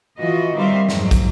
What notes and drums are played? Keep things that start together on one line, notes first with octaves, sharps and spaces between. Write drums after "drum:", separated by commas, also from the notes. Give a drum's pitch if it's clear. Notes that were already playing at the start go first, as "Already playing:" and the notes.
E3 F4 F#4 D#5
D#3 G3 C4 C5 E5 F5
F2 G#2 F#3, drum: snare
drum: kick, hi-hat